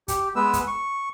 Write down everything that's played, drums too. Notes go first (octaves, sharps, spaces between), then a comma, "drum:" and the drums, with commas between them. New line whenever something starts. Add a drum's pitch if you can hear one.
G4, drum: kick, hi-hat
G#3 B3 B4 E6
drum: kick, hi-hat
C#6